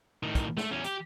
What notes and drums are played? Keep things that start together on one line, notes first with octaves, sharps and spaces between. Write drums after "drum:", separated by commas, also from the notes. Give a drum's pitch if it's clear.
A2 D#3
drum: kick, hi-hat
A3, drum: snare
E2 C#4
G4, drum: hi-hat